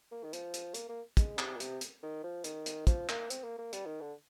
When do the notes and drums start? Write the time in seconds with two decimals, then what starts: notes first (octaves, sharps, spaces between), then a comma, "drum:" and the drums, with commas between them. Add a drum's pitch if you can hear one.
0.11 A#3
0.24 D#3
0.33 F3, drum: hi-hat
0.54 drum: hi-hat
0.74 A#3, drum: hi-hat
0.89 A#3
1.17 G#3, drum: kick, hi-hat
1.39 C3, drum: clap
1.56 A#2
1.60 C3, drum: hi-hat
1.81 drum: hi-hat
2.03 D#3
2.24 F3
2.44 D#3, drum: hi-hat
2.66 drum: hi-hat
2.87 F3, drum: kick, hi-hat
3.09 A#3, drum: clap
3.30 C4, drum: hi-hat
3.43 A#3
3.59 A#3
3.73 G3, drum: hi-hat
3.86 D#3
4.01 D3